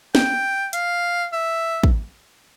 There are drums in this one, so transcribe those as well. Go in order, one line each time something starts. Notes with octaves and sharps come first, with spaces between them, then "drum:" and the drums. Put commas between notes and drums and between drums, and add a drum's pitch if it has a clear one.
G5, drum: snare
F5, drum: hi-hat
E5
drum: kick